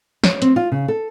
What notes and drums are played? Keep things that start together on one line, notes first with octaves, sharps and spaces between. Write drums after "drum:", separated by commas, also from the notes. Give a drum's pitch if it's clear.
C#5, drum: snare
C4, drum: hi-hat
F4
C#3
A4